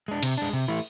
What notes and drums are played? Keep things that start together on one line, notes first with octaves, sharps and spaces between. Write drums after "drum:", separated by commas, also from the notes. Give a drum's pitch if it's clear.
G#3 D4
C3, drum: cymbal
G#3 D4
C3
E3 A3 E4